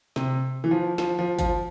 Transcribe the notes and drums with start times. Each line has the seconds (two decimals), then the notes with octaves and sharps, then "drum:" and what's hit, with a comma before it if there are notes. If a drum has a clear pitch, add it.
0.16 C3, drum: snare
0.64 E3
0.71 F3
0.98 F3, drum: snare
1.19 F3
1.39 F3, drum: kick, hi-hat